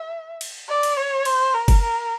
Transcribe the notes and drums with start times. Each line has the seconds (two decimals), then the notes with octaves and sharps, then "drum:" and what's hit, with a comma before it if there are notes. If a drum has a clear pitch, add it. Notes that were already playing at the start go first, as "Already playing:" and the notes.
Already playing: E5
0.41 drum: cymbal
0.69 D5
0.83 drum: cymbal
0.97 C#5
1.25 C5, drum: cymbal
1.54 A#4
1.68 drum: kick F#1, cymbal
1.82 A#4